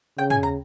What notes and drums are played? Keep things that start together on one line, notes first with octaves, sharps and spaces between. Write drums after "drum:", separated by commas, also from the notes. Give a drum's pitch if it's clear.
C#3 G5
G#5, drum: tom
A#5